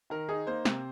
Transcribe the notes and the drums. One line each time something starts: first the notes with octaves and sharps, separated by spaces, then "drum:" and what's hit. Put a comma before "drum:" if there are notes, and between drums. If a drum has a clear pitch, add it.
D#3 A#4
D#4 G#4
A#3 C5
C3, drum: snare